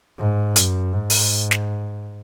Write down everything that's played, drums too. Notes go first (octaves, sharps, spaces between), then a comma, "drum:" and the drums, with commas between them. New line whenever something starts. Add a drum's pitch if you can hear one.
G#2
F#2, drum: hi-hat
G#2
drum: open hi-hat
drum: snare